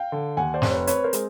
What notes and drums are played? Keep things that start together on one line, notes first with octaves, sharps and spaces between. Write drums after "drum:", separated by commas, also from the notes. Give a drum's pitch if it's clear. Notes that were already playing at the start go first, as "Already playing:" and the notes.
Already playing: F5 G5
D3
D#2 F#5 G#5
C5 D5
F1, drum: snare
B4 C#5
C4 B4 C#5, drum: hi-hat
A#4 C5
G#3, drum: hi-hat